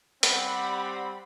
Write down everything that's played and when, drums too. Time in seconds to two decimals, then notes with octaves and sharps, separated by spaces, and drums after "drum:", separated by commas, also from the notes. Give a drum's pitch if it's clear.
0.23 G3 C4 F#5 B5, drum: hi-hat